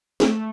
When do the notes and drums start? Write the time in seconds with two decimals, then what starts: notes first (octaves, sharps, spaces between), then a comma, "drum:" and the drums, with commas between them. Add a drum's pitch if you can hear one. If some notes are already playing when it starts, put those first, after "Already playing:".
0.20 A3, drum: snare